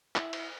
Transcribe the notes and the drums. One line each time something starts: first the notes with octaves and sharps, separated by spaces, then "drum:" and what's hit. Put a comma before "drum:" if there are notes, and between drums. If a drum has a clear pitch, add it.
E4, drum: clap
drum: cymbal